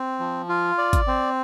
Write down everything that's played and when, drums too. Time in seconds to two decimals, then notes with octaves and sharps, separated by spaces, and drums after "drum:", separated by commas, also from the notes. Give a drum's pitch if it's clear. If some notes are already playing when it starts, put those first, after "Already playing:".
Already playing: C4
0.19 F3
0.49 F4
0.78 D5
0.93 drum: kick G#1, hi-hat
1.08 C4